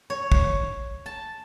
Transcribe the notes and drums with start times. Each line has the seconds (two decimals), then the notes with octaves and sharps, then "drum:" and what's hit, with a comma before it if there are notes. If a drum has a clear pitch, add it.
0.10 C#5
0.32 drum: kick
1.06 A5